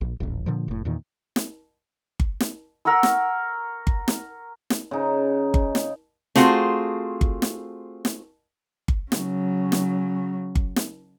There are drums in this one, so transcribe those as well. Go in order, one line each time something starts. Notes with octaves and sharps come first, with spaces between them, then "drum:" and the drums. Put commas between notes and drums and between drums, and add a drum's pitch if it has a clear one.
A#1
D#1 A1
A#2 D3 F3
F1 A2
E2 A#2 D#3
drum: snare
drum: kick G1
drum: snare
A#4 F#5 C#6 E6
drum: snare
drum: kick G1
drum: snare
drum: snare
C#3 D#4
drum: kick G1
drum: snare
A3 C4 F4 F#4 G#4, drum: snare
drum: kick G1
drum: snare
drum: snare
drum: kick G1
C#3 F#3, drum: snare
drum: snare
drum: kick G1
drum: snare